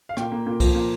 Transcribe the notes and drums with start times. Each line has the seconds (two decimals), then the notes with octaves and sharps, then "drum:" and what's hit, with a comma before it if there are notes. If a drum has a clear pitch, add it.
0.09 F5
0.17 A#2 G5, drum: rim click
0.32 A#3
0.47 A#2
0.60 F3, drum: kick C2, cymbal
0.75 A#2